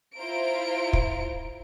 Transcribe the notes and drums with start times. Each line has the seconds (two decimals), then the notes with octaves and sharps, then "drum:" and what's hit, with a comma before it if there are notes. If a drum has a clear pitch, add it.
0.16 E4 F4 C5 A#5 D7
0.93 drum: kick